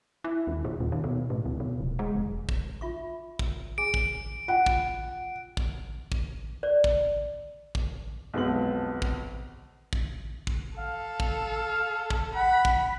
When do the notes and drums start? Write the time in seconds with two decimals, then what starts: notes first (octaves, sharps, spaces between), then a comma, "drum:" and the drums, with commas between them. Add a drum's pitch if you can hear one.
0.24 E4
0.47 D#2
0.64 A#2
0.80 D#2
0.92 D#3
1.04 B2
1.30 A2
1.46 D2
1.60 B2
1.80 D1
1.99 G#3
2.15 E1
2.49 drum: kick
2.81 F4 E5 C#6
3.39 drum: kick
3.78 G#4 G#5 D7
3.94 drum: kick
4.48 F4 F#5 G5
4.66 drum: kick
5.57 drum: kick
6.12 drum: kick
6.63 D5
6.84 drum: kick
7.75 drum: kick
8.34 B1 F2 G#3 B3 C4 F#7
9.02 drum: kick
9.93 drum: kick
10.47 drum: kick
10.79 A4 F5
11.20 drum: kick
12.10 drum: kick
12.35 F#5 B5
12.65 drum: kick